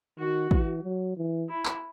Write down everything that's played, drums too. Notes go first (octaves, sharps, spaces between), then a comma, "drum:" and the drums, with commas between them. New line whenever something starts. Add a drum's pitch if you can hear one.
D#3 F#4
E3, drum: kick
F#3
E3
E4
drum: clap